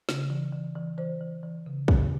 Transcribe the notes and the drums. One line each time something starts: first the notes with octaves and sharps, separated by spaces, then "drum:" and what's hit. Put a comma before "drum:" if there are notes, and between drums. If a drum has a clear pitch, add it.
C#3, drum: snare
E3
E3
E3
E3 C5
E3
E3
C#3
C#3, drum: kick